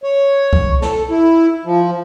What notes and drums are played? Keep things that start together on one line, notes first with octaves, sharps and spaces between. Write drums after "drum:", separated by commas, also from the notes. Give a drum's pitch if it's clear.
C#5
drum: kick C2
A4, drum: snare
E4
F3